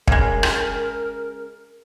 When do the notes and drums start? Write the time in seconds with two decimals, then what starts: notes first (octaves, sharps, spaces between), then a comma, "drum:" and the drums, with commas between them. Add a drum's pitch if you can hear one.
0.08 C#3 G#3 A#4, drum: kick
0.43 drum: rim click